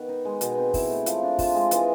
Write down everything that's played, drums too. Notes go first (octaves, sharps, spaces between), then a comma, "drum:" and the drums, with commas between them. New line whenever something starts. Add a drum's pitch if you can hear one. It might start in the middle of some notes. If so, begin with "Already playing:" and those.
Already playing: D#3 B3
D#4
G#3
B2, drum: hi-hat
C4
E4, drum: kick, open hi-hat
A3
F3, drum: hi-hat
D4
F4, drum: kick, open hi-hat
G#3
E3, drum: hi-hat